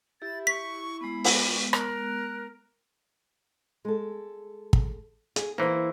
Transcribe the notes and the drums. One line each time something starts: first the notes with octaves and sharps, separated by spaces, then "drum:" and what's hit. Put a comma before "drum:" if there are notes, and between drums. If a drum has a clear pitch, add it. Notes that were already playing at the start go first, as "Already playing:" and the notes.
E4 G4 A6
C#6 B6
G#3 B3 B5
drum: open hi-hat
A#4 F#6, drum: rim click
G#3 A4
drum: kick
G#4, drum: hi-hat
E3 A#3 E4 C5